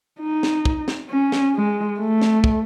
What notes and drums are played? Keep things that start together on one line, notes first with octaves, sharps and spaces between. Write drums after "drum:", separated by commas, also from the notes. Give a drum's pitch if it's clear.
D#4
drum: snare
drum: kick
drum: snare
C#4
drum: snare
G#3
A3
drum: snare
drum: kick